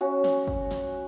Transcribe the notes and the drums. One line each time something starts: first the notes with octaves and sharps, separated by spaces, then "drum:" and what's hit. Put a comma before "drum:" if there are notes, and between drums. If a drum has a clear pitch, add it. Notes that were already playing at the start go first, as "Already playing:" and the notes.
C#4 F#4
drum: snare
drum: kick
drum: snare